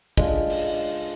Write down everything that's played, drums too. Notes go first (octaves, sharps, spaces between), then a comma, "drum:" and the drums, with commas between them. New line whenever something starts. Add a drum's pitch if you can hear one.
G#3 D4 F4, drum: kick
drum: open hi-hat